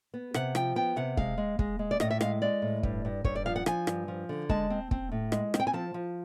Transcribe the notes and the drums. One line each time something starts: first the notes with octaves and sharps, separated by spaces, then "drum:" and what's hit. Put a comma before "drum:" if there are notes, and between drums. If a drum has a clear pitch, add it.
B3
C3 F#5, drum: rim click
F3 G5, drum: rim click
B3 G5
C3 F#5
G#3 F5, drum: kick
G#3
G#3, drum: kick
G#3
D5
A2 D#5, drum: rim click
E5
G#3 F5, drum: rim click
G#3 D5
A2
G2, drum: kick
G2
G2 C#5, drum: kick
D5
F3 F5
F#5
F3 G#5, drum: rim click
G2, drum: rim click
F3
D3
G#3 A5, drum: kick
C4
C4, drum: kick
A2
G#3, drum: rim click
C4, drum: rim click
G5
G#5
F3 A5
F3